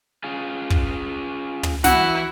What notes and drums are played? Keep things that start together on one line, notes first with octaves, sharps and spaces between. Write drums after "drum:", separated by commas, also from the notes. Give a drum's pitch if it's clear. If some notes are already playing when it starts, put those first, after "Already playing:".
C#4 F4 G#4
drum: kick
drum: tom
E3 E4 F#4 F#5, drum: snare